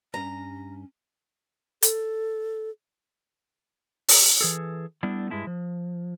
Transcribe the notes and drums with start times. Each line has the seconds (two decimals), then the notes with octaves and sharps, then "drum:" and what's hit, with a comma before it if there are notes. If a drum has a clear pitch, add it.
0.14 G2 C#4 A#5
1.82 A4, drum: hi-hat
4.08 drum: open hi-hat
4.41 E3 G#4 A4
5.03 G3 A3 B3 D4 E4
5.31 G2 G#3 E4 A5
5.47 F3